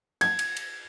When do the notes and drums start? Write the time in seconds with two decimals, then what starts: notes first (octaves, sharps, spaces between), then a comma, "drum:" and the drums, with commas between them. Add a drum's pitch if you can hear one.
0.21 G#6, drum: cymbal
0.39 drum: cymbal
0.57 drum: cymbal